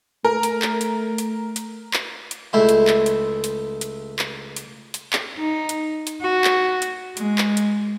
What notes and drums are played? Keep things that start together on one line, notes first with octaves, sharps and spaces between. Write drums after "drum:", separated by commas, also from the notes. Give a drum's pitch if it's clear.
A3 A#4
drum: hi-hat
drum: clap
drum: hi-hat
drum: hi-hat
drum: hi-hat
drum: clap
drum: hi-hat
C#2 A3 E4 C5 G#5
drum: hi-hat
drum: clap
drum: hi-hat
drum: hi-hat
drum: hi-hat
drum: clap
drum: hi-hat
drum: hi-hat
drum: clap
D#4
drum: hi-hat
drum: hi-hat
F#4
drum: clap
drum: hi-hat
G#3, drum: hi-hat
drum: clap
drum: hi-hat